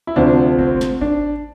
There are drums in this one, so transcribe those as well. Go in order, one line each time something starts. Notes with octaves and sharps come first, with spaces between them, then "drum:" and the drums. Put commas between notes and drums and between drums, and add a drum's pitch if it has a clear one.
E4
D2 C3 F3 D4
C4, drum: kick G#1
drum: snare
D4, drum: kick G#1